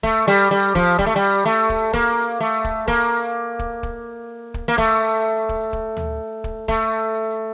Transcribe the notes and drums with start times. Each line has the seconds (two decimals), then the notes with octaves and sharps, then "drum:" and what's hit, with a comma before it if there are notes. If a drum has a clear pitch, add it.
0.03 A3, drum: kick
0.28 G3
0.51 G3
0.75 F3, drum: kick
0.99 G3, drum: kick
1.06 A3
1.16 G3
1.46 A3
1.70 drum: kick
1.93 A#3, drum: kick
2.40 A3
2.64 drum: kick
2.88 A#3, drum: kick
3.59 drum: kick
3.83 drum: kick
4.54 drum: kick
4.68 A#3
4.78 A3, drum: kick
5.49 drum: kick
5.73 drum: kick
5.97 drum: tom D2
6.44 drum: kick
6.68 A3, drum: kick